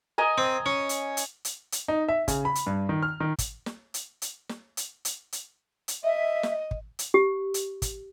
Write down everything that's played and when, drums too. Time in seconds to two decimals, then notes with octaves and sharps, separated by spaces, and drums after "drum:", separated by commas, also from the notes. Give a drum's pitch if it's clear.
0.18 D#5 G#5 A#5
0.38 C4
0.66 C#4
0.89 drum: hi-hat
1.17 drum: hi-hat
1.45 drum: hi-hat
1.72 drum: hi-hat
1.88 D#4
2.08 E5
2.28 C#3, drum: kick, hi-hat
2.45 B5
2.55 drum: hi-hat
2.67 G2
2.89 D#3
3.03 F6
3.20 D#3
3.39 drum: kick, hi-hat
3.66 drum: snare
3.94 drum: hi-hat
4.22 drum: hi-hat
4.49 drum: snare
4.77 drum: hi-hat
5.05 drum: hi-hat
5.32 drum: hi-hat
5.88 drum: hi-hat
6.03 D#5 E5
6.43 drum: snare
6.71 drum: kick
6.99 drum: hi-hat
7.14 G4
7.54 drum: hi-hat
7.82 drum: kick, hi-hat